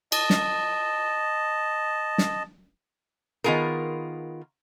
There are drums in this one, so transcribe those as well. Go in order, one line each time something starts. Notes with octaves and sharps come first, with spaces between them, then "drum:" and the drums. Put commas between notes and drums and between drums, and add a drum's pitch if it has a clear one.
D#5 A5, drum: cymbal
drum: snare
drum: snare
D#3 B3 F4 G#4 A#4